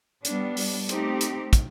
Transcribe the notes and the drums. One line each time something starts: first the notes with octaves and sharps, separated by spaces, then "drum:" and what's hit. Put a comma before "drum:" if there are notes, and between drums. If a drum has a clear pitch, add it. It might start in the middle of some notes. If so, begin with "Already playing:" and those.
G3 B3 D4, drum: hi-hat
drum: open hi-hat
A3 C4 D#4 G4, drum: hi-hat
drum: hi-hat
drum: kick, hi-hat